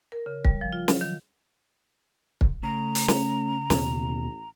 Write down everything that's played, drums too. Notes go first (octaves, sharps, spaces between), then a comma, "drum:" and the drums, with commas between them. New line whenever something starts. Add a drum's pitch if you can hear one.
A#4
C#3
G3, drum: kick
F3
F4
F#3, drum: snare
D#3
drum: kick
C#3 A3 A#5
drum: hi-hat
C#4, drum: snare
A1 D#2 B2, drum: snare